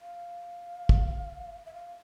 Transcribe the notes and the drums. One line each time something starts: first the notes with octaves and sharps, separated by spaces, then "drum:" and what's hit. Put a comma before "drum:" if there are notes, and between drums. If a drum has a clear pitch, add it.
F5
drum: kick
E5
F5